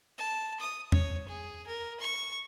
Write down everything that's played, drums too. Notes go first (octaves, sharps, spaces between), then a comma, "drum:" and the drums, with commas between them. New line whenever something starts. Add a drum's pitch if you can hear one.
A5
D#6
C#5, drum: tom E2
G#4
A#4
C#6